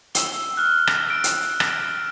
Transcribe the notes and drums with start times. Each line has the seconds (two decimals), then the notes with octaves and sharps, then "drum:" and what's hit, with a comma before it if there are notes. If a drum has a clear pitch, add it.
0.15 E6 G7, drum: hi-hat
0.57 F6 F#6
0.87 drum: rim click
1.10 D7
1.24 drum: hi-hat
1.60 drum: rim click